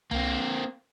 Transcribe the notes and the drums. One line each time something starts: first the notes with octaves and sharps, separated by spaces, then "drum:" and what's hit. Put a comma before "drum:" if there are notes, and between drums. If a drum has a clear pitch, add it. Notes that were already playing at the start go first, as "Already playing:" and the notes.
A#3 C4, drum: tom C2